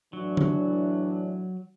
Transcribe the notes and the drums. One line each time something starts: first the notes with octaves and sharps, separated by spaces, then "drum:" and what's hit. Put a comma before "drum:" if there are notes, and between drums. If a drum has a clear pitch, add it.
A2 E3 F#3 D4
drum: tom C#3